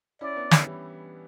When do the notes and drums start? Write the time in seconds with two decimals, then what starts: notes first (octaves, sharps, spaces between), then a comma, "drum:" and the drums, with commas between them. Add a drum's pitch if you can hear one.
0.21 C#4 E4 D5
0.36 B3 D4
0.51 C#4 E4, drum: snare
0.66 E3 G3